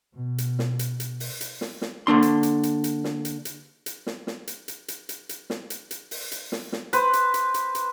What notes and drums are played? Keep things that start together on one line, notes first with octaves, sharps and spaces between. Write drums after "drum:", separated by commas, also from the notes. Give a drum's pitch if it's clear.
B2
drum: hi-hat
drum: snare
drum: hi-hat
drum: hi-hat
drum: open hi-hat
drum: hi-hat
drum: snare
drum: snare
D3 A#3 D4 C6
drum: hi-hat
drum: hi-hat
drum: hi-hat
drum: hi-hat
drum: snare
drum: hi-hat
drum: hi-hat
drum: hi-hat
drum: snare
drum: snare
drum: hi-hat
drum: hi-hat
drum: hi-hat
drum: hi-hat
drum: hi-hat
drum: snare
drum: hi-hat
drum: hi-hat
drum: open hi-hat
drum: hi-hat
drum: snare
drum: snare
B4 C5, drum: hi-hat
drum: hi-hat
drum: hi-hat
drum: hi-hat
drum: hi-hat